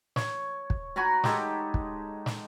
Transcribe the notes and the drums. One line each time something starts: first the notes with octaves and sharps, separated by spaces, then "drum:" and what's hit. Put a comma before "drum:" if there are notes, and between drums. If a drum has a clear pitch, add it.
C#5, drum: snare
drum: kick
F#4 G#5 A#5 B5
G#3 D#4 G4 A4, drum: snare
drum: kick
drum: snare